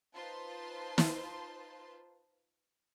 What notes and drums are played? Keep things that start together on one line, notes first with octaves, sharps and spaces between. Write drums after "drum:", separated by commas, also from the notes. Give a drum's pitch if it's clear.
D#4 F4 B4 C5 A5 C6
drum: snare